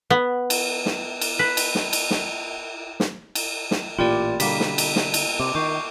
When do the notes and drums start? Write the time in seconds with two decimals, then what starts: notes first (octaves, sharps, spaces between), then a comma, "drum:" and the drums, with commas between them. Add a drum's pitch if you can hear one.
0.10 B3
0.50 drum: cymbal
0.86 drum: snare
1.21 drum: cymbal
1.39 B4
1.57 drum: cymbal
1.75 drum: snare
1.93 drum: cymbal
2.11 drum: snare
3.00 drum: snare
3.35 drum: cymbal
3.71 drum: snare
3.99 A1 A#2 F4 G4 D5 G5 B5 F6
4.40 B2 D3 G3 A#3 B6, drum: cymbal
4.60 drum: snare
4.78 drum: cymbal
4.96 drum: snare
5.14 drum: cymbal
5.40 C3 C6 D6
5.55 D#3 C#6 D6 G6 C7